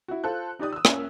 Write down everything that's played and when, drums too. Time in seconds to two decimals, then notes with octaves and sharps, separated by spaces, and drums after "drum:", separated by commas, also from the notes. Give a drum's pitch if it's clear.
0.08 E4 F#4
0.24 F4 A4 C5 F#6
0.59 D#4 G4 D5 D#6
0.73 D#6 E6
0.85 A#3 C#4 A#4 E5, drum: rim click